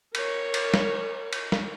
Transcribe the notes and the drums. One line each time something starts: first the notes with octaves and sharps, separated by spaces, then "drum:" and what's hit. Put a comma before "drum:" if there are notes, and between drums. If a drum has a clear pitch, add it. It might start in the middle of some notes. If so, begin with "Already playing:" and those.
A#4 C#5, drum: cymbal
drum: cymbal
drum: snare
drum: cymbal
drum: snare